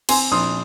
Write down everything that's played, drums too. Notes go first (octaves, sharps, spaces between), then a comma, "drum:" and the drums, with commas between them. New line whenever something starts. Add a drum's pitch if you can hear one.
C4 G#5 C6, drum: cymbal
A#1 C6 D#6